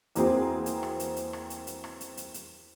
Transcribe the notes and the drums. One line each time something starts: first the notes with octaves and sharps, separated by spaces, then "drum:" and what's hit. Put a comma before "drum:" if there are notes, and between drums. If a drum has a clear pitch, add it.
E2 A#3 C4 F#4 G#4 C6, drum: hi-hat
drum: hi-hat
drum: rim click
drum: hi-hat
drum: hi-hat
drum: rim click
drum: hi-hat
drum: hi-hat
drum: rim click
drum: hi-hat
drum: hi-hat
drum: hi-hat